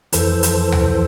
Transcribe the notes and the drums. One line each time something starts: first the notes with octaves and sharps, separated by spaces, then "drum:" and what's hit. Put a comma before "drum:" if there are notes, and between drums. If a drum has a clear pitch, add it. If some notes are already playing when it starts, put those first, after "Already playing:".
F2 E3 A4 C5, drum: hi-hat
drum: hi-hat
drum: tom D2